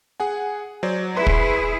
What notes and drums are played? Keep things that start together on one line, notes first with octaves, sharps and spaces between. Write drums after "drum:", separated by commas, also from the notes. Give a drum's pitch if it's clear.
G#4 F#5 G#5
F#3 C5 D5
E4 G#4 B4 C6
drum: kick